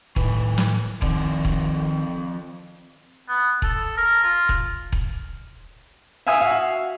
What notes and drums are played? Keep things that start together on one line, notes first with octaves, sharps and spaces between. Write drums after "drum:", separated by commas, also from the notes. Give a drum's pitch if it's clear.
A2 D#3 B4, drum: kick E1
drum: snare
D#3 F3 C4 D5, drum: kick E1
drum: kick E1
B3
A4, drum: kick E1
A#4
F4
drum: kick E1
drum: kick E1
E5 F5 G#5 D#6 E6
F#4 E5 F5